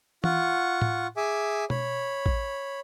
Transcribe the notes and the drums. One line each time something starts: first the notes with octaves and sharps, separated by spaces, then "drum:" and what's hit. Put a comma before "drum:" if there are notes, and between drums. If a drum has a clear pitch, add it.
F4 F#5 C#6, drum: tom E3
drum: tom A2
G#4 E5 G#5 D6
C#5 B5, drum: tom B2
drum: kick A1